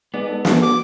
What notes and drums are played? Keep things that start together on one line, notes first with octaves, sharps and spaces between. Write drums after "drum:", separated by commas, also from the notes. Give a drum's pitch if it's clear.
G#3 B3 D#4 D5
A4
drum: snare
D6